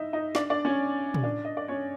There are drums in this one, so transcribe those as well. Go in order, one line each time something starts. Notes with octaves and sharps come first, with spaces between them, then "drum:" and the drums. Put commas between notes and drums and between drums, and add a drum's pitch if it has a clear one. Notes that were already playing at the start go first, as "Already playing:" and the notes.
Already playing: D#4 E4 D#5 E5
D#4 D#5
D4 D5, drum: snare
D4 D5
C#4 C#5
drum: tom
D4 D5
D#5
D5
C#4 C#5